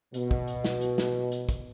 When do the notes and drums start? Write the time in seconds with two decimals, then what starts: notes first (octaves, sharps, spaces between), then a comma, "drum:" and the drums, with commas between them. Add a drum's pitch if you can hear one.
0.14 B2, drum: hi-hat
0.31 drum: kick
0.48 drum: hi-hat
0.64 drum: snare
0.81 drum: hi-hat
0.98 drum: snare
1.32 drum: hi-hat
1.49 drum: kick, hi-hat